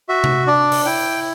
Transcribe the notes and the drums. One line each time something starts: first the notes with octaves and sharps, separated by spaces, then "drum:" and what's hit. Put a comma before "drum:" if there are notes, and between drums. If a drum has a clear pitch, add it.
F#4 E5
drum: tom C3
D4 D5
drum: open hi-hat
E4 G5